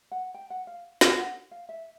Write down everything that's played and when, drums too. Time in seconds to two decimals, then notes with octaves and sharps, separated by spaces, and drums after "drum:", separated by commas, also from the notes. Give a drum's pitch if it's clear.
0.11 F#5
0.34 G5
0.50 F#5
0.67 F5
1.01 G5, drum: snare
1.18 F#5
1.51 F5
1.69 E5